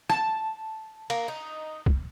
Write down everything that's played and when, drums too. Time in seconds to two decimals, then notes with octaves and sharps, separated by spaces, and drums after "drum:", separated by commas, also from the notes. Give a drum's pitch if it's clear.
0.10 A5, drum: rim click
1.10 A#3, drum: cymbal
1.28 D#4
1.86 drum: kick